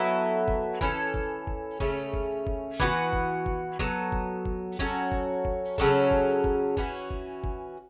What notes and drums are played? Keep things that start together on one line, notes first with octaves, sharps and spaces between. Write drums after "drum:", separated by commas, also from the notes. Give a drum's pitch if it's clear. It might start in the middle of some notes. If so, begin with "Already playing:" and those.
Already playing: F#3 B3 E4 A4
drum: kick F#1
E3 C#4 A4, drum: kick F#1
drum: kick F#1
drum: kick F#1
C#3 A3 C#4, drum: kick F#1
drum: kick F#1
drum: kick F#1
E3 B3 F#4, drum: kick F#1
drum: kick F#1
drum: kick F#1
F#3 B3 A4, drum: kick F#1
drum: kick F#1
drum: kick F#1
F#3 C#4 F#4 A4, drum: kick F#1
drum: kick F#1
drum: kick F#1
C#3 F#3 C#4 A4, drum: kick F#1
drum: kick F#1
drum: kick F#1
E3 C#4 F#4, drum: kick F#1
drum: kick F#1
drum: kick F#1